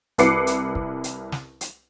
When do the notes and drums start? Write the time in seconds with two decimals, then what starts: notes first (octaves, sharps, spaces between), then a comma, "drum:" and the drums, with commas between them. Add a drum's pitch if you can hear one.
0.18 C2 E4 B4 D6 C7 C#7, drum: hi-hat
0.47 drum: hi-hat
0.75 drum: kick
1.04 drum: hi-hat
1.32 drum: snare
1.61 drum: hi-hat